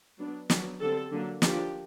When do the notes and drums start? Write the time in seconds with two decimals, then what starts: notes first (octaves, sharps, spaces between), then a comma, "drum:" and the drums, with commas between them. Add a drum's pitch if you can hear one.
0.18 F#3 B3 D4
0.50 F#3 B3 D4, drum: snare
0.80 D3 G3 C4 A4
1.11 D3 F#3 A#3 D4
1.42 F3 A#3 D4 G4, drum: snare